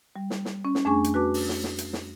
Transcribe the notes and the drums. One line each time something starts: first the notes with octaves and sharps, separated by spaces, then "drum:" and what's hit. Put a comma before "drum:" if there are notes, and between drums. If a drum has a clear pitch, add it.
G3
drum: snare
drum: snare
C#4
drum: snare
F2 A3 D4 G#4 G#5 C#6
drum: hi-hat
F#4 B4 A5 D6
drum: open hi-hat
drum: snare
drum: snare
drum: hi-hat
drum: snare